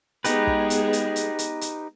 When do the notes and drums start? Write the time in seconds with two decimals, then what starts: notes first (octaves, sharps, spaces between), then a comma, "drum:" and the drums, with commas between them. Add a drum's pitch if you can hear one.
0.24 G#3 B3 D#4 G4 G#4 B4, drum: hi-hat
0.47 drum: kick
0.70 drum: hi-hat
0.93 drum: hi-hat
1.16 drum: hi-hat
1.39 drum: hi-hat
1.61 drum: hi-hat